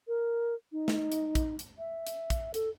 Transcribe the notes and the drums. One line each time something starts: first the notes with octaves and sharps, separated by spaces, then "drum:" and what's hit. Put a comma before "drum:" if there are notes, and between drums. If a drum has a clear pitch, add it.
A#4
D#4
drum: snare
drum: hi-hat
drum: kick, hi-hat
drum: hi-hat
E5
drum: hi-hat
drum: kick, hi-hat
A4, drum: hi-hat